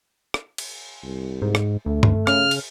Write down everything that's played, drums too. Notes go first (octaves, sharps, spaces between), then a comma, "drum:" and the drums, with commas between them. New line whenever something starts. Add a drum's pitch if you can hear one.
drum: rim click
drum: cymbal
C2
G#2
drum: rim click
D2 A3
drum: tom G2
C#3 F6, drum: rim click
drum: cymbal